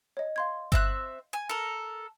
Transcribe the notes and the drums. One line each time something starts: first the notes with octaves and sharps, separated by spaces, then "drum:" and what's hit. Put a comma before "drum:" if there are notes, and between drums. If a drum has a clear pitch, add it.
C#5 D#5
F5 C6 G#6
C4 E5 F#6, drum: kick G1
G#5
A4 A#4